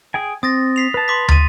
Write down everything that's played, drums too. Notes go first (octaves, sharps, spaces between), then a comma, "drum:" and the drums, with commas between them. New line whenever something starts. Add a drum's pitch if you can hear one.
G#4 G5 G#5
C4 D#6 A6 A#6
B6 C7 F7
B4 A5
C6 D6 B6
A6 D#7, drum: tom